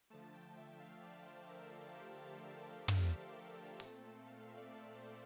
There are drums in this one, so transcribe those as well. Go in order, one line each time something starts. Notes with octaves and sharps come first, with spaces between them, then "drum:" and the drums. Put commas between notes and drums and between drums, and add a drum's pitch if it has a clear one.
D3 F3 A3 A5
G5
E5
F5
D5
C5
A#4
A4
G4
A4
C5
A4, drum: tom
G4
G4
G4
A#2 A3 C4 A4, drum: open hi-hat
F5
E5
D5
E5
D5
C5